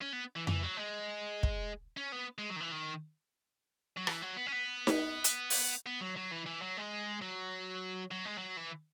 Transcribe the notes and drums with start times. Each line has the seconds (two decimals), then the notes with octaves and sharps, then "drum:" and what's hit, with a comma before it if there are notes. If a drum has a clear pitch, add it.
0.02 C#4
0.13 B3
0.36 E3
0.47 E3, drum: tom F2
0.62 F#3
0.77 G#3
1.43 drum: kick
1.97 C#4
2.12 B3
2.38 G#3
2.50 F#3
2.56 D#3
2.60 E3
2.72 D#3
3.97 F#3
4.07 E3, drum: rim click
4.22 F#3
4.37 B3
4.47 C#4
4.52 B3
4.87 drum: snare D#4
5.24 drum: hi-hat
5.50 drum: open hi-hat
5.86 B3
6.01 F#3
6.17 F#3
6.32 E3
6.46 E3
6.62 F#3
6.77 G#3
7.22 F#3
8.11 F#3
8.25 G#3
8.38 F#3
8.57 E3